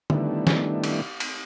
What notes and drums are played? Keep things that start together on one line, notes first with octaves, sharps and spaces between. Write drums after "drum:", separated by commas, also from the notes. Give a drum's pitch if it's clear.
D#3 G3 A3 B3 D4 E4, drum: tom D3
drum: snare
drum: cymbal
drum: cymbal